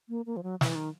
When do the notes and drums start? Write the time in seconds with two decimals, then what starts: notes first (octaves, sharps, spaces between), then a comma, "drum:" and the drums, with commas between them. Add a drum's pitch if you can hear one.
0.09 A#3
0.26 A#3
0.37 F3
0.43 F#3
0.61 E3, drum: snare
0.75 D#3